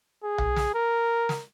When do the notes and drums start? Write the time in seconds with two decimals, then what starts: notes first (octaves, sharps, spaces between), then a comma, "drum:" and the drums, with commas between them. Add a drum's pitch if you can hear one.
0.23 G#4
0.38 drum: tom B1
0.56 drum: snare
0.75 A#4
1.29 drum: snare